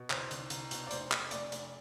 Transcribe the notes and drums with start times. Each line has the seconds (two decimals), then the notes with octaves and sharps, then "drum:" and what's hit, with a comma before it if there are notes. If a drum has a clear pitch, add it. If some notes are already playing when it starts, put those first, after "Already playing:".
Already playing: B2
0.10 C2 C5, drum: clap
0.31 C2, drum: hi-hat
0.50 C2, drum: hi-hat
0.71 B2, drum: hi-hat
0.87 D5
0.91 F1 C5, drum: hi-hat
1.12 F1, drum: clap
1.31 F1 D5, drum: hi-hat
1.52 F1, drum: hi-hat